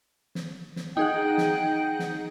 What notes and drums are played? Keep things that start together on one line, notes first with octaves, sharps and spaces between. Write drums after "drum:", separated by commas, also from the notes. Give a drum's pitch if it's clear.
drum: snare
drum: snare
D#4 G#4 F#5 G5
drum: snare
drum: snare